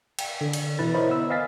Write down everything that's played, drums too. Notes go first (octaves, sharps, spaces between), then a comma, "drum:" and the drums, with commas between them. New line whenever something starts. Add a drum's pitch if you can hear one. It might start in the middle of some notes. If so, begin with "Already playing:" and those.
G5, drum: cymbal
D3
drum: cymbal
B2 E3 E4 B4 A6
E4 A#4 C5 C#5 D#5 B5
B3 E6
D#5 F5 G#5 A6 B6